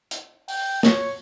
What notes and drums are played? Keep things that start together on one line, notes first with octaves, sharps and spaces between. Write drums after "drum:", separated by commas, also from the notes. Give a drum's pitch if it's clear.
drum: hi-hat
G5, drum: open hi-hat
C#5, drum: snare